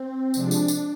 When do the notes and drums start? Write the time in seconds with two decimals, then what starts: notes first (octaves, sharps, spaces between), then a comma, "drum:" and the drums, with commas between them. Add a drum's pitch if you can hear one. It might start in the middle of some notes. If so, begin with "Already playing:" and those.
Already playing: C4
0.34 C3 F3 G#3 D4, drum: tambourine
0.51 drum: tambourine
0.68 drum: tambourine